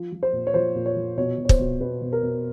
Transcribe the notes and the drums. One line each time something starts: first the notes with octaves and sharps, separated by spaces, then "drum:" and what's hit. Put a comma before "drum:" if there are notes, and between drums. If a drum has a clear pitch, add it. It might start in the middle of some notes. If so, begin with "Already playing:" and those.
Already playing: F3
F3
C5
A#2
C#5
F3 C5
A#2
C#5
F3
B2 C#5
B2
C#5
C5, drum: kick
B2
B2 B4
B2
A#4
B2